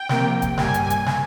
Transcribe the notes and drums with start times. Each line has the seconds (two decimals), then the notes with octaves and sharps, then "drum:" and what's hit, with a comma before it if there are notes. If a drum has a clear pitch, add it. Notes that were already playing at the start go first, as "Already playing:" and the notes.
Already playing: G5
0.09 C3 F3 A#3, drum: snare
0.42 drum: kick D1, hi-hat
0.58 G2 G3 A#3 G#5, drum: snare
0.74 drum: hi-hat
0.90 drum: hi-hat
1.06 drum: snare